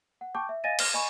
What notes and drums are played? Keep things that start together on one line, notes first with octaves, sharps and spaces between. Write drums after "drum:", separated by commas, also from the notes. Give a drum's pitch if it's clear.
F#5
G5 A5 C#6 D6 G6
E5
D#5 F5 G#5 A6 A#6 D#7
F6 A#6 G7, drum: cymbal
D#5 G#5 B5 C#6